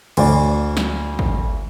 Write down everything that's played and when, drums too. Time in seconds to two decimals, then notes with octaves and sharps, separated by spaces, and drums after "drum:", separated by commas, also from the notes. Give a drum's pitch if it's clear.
0.17 D2 D5, drum: cymbal
0.77 drum: snare
1.19 drum: kick